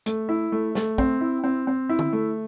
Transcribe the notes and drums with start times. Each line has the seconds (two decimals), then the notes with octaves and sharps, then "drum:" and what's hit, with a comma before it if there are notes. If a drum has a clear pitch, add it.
0.06 A3, drum: hi-hat
0.29 E4
0.52 A3
0.75 A3, drum: snare
0.98 C4, drum: kick
1.21 E4
1.44 C4
1.67 C4
1.89 E4
1.99 drum: tom
2.13 A3